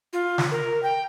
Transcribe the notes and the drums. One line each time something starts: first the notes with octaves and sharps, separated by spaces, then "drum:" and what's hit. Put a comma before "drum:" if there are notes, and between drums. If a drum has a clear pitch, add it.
F4
drum: snare
A#4
G5